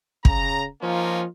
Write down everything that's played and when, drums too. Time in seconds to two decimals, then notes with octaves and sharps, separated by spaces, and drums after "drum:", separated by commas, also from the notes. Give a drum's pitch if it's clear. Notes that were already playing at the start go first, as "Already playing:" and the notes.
0.25 C#3 A#5, drum: kick
0.82 F3 A#3 C#4 D#4 F4